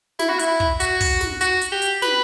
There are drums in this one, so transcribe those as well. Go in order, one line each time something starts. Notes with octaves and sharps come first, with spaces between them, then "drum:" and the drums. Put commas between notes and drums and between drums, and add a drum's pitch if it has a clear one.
E4, drum: snare
F#4
E4, drum: hi-hat
drum: kick
F#4, drum: hi-hat
drum: kick, open hi-hat
drum: snare
F#4, drum: hi-hat
drum: hi-hat
G4
drum: hi-hat
B4, drum: snare